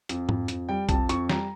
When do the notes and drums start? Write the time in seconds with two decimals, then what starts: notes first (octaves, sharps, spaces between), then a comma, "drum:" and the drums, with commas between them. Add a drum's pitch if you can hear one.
0.09 F2, drum: hi-hat
0.29 F2, drum: tom G#2
0.48 F2, drum: hi-hat
0.69 G3 G5
0.89 F2 A5, drum: kick B1, hi-hat
1.09 F2 C#6, drum: hi-hat
1.29 G3 A#5, drum: snare